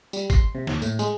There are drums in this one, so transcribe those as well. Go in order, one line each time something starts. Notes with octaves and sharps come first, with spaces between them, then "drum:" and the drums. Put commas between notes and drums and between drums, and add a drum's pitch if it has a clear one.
G3, drum: tambourine
C6, drum: kick, tambourine
C3
D#2, drum: snare
A2, drum: tambourine
G#3, drum: tambourine